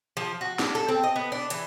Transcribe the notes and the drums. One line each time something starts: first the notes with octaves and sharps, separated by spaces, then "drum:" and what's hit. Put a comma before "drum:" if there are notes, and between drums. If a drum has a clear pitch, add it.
F3
F#4
D4, drum: snare
A4
C4
D#5
B3
D4
E3, drum: hi-hat